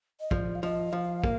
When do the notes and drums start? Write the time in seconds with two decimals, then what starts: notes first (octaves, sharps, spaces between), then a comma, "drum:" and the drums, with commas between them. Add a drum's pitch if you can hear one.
0.20 D#5
0.31 F3 D5, drum: kick
0.55 F5
0.63 F3 D#5
0.93 F3 F5
1.24 A#3, drum: kick